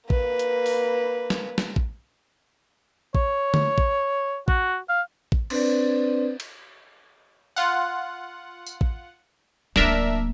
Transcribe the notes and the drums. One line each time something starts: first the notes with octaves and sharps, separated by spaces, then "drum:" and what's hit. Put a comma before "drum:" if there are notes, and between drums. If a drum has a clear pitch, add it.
A#3 B4, drum: kick
drum: hi-hat
drum: open hi-hat
drum: snare
drum: snare
drum: kick
C#5, drum: kick
drum: tom D3
drum: kick
F#4, drum: kick
F5
drum: kick
C4 D4 B4 C5 D5, drum: cymbal
drum: cymbal
F4 F#5
drum: tambourine
drum: kick
D1 A#3 D4 A#4 E5, drum: snare